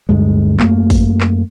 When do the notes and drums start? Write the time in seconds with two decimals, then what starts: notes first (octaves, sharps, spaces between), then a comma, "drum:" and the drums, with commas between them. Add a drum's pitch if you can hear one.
0.09 D2 G2 G#3
0.60 F#2 A3 A#3, drum: clap
0.90 drum: kick, open hi-hat
1.21 drum: clap